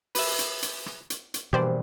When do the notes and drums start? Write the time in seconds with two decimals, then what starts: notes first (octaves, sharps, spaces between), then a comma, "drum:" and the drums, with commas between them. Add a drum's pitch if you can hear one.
0.15 B4 E5, drum: open hi-hat
0.39 drum: hi-hat
0.62 drum: hi-hat
0.86 drum: rim click
1.10 drum: hi-hat
1.34 drum: hi-hat
1.53 A#1 G2 B2 E3 G4 C5 D5